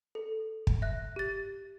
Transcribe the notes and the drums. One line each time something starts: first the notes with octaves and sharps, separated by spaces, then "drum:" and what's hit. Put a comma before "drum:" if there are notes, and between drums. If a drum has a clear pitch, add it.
A4
drum: kick
E5 F#6
G4 A6